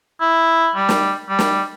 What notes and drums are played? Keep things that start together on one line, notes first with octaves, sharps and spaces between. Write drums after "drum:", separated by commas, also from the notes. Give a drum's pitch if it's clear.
E4
G3
drum: snare
G3
drum: snare